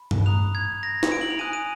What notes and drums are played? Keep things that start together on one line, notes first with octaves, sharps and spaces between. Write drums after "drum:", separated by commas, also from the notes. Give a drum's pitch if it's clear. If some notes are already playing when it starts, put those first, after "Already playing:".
Already playing: B5
drum: tom G2
A#5 D#6 F#6 F7
G#6
A#6
drum: snare
D7
F#7
F7
G#5 D#6 F#6 D#7
D#7